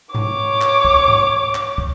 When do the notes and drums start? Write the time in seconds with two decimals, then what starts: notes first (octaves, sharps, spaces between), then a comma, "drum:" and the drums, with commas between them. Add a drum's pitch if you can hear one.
0.15 C#5 D6, drum: tom G#2
0.61 drum: clap
0.85 drum: kick
1.08 drum: tom G#2
1.55 drum: clap
1.78 drum: kick